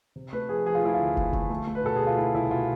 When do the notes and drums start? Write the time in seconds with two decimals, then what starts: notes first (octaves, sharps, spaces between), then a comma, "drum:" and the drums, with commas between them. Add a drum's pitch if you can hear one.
0.16 C3
0.33 A3 B4
0.49 F3 G#4
0.66 F3 G#4
0.75 F4
0.83 A3 E4
0.94 D2 F4
1.17 D2, drum: kick
1.33 A3, drum: kick
1.50 A3
1.67 A3
1.75 B4
1.83 B2 A4
1.96 G#4
2.01 B2
2.07 F4
2.17 A3 E4
2.34 C2 E4
2.51 B2 F4